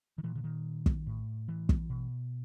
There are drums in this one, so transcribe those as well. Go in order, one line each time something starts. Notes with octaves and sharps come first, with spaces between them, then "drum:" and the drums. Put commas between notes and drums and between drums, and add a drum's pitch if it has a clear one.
D#3
A#2 E3
D3
D#3
drum: kick
A2
E3
drum: kick
B2